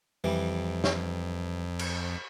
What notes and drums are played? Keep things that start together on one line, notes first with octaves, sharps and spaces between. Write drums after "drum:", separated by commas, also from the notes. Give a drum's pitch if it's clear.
F2 E3 G3
drum: snare
drum: cymbal